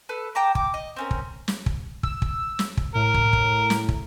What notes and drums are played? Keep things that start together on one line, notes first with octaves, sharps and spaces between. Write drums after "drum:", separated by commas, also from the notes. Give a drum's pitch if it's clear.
A4 B4
G5 A5 A#5 D6
D6, drum: kick
D#5
C4 C#4 A#4
drum: kick
drum: snare
drum: kick
E6, drum: kick
drum: kick
drum: snare
drum: kick
A2 A#4
drum: kick
drum: kick
drum: snare
drum: kick